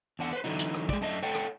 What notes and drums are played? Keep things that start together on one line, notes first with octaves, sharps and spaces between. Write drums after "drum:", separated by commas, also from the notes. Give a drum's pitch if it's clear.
E2 D4 F#5
B4 C5
D3 E3 F#3 D#4
drum: hi-hat
drum: rim click
G#3 D5, drum: kick
F#2 A3 D4 D#5
A4 C#5 F#5 G5
drum: rim click